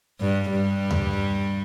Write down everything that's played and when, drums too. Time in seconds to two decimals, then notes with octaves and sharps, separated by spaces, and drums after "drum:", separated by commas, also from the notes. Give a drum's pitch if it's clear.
0.20 G2 G3
0.51 G2 G3
0.91 drum: tom D#2